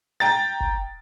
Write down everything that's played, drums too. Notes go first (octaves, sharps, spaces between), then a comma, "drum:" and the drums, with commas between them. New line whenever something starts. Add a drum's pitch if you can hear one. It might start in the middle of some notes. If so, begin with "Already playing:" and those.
G5 A#5 A6
drum: kick F#1